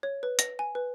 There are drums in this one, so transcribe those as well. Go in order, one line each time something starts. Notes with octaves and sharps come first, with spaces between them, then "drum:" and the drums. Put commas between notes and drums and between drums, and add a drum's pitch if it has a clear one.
C#5
B4
A#6, drum: hi-hat
G#5
B4